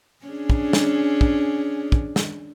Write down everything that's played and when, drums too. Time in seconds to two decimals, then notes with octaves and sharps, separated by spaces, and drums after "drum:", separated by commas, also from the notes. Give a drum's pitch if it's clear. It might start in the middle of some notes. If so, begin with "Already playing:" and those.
0.26 C#4 D4 G#4
0.50 drum: kick
0.73 drum: snare
1.21 drum: kick
1.92 drum: kick
2.16 drum: snare